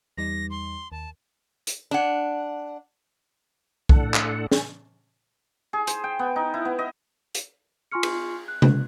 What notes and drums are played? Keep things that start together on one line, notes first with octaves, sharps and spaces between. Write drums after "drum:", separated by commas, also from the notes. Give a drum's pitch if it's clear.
E2 G3 D#4 A#6
C6
D#2 A5
drum: hi-hat
D4 F#5
A2 D4 A4 F#5, drum: kick
drum: clap
drum: snare
G#4
C5, drum: hi-hat
G5
B3
D#4
E4
B3
D#5
drum: hi-hat
F4 G#5 C6 C#6 F6 C#7
drum: cymbal
F#6
drum: tom C3